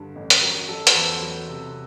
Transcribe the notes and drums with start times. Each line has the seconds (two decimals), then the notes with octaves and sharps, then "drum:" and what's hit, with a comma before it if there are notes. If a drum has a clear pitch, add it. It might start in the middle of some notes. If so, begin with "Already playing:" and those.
Already playing: G2 D3 G3
0.15 A1
0.30 drum: hi-hat
0.42 F#3 A#4
0.68 F#3 A4
0.87 C5, drum: hi-hat
0.95 E2 A4 B4
1.22 F#3
1.48 C3